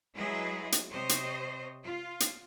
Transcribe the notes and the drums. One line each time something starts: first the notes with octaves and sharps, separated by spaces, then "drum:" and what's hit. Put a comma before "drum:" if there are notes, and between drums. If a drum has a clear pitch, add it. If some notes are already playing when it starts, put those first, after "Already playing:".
F#3 G#3 E4 G#4 B4 D#5
drum: hi-hat
C3 C5 C#5 D#5
drum: hi-hat
F4
drum: hi-hat